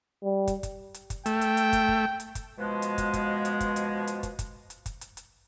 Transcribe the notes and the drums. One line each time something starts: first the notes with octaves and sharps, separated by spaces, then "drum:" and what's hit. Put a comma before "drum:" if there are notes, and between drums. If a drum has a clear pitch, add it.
G3
drum: kick, hi-hat
drum: kick, hi-hat
drum: hi-hat
drum: kick, hi-hat
A3 G5, drum: hi-hat
drum: hi-hat
drum: hi-hat
drum: kick, hi-hat
drum: kick
drum: hi-hat
drum: kick, hi-hat
B2 F3 G#3
drum: hi-hat
drum: kick, hi-hat
drum: kick, hi-hat
drum: hi-hat
drum: kick, hi-hat
drum: hi-hat
drum: hi-hat
drum: kick, hi-hat
drum: kick, hi-hat
drum: hi-hat
drum: kick, hi-hat
drum: hi-hat
drum: hi-hat